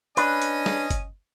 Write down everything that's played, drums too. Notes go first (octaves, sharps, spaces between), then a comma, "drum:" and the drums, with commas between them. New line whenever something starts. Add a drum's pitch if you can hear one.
C#4 D4 B4 D#5, drum: hi-hat
drum: hi-hat
drum: snare
drum: kick G1, hi-hat